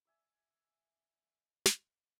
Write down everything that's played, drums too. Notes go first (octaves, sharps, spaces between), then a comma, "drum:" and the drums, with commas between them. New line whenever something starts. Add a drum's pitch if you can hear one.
D5 E5 G#5 E6
drum: snare